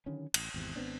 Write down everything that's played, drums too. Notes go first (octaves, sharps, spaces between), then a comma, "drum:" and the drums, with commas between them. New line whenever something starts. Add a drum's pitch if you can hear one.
D3 D#3 F#3 C#4
A1, drum: cymbal
G#1 E2 C3
G#1 B3 C4 D4